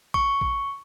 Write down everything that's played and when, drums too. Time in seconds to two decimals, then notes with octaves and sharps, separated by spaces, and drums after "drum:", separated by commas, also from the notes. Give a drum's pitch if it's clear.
0.14 C#6, drum: kick
0.41 drum: kick